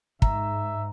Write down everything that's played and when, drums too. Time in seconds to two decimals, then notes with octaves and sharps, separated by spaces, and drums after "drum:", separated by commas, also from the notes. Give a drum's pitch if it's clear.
0.22 G#2 E5 A#5, drum: kick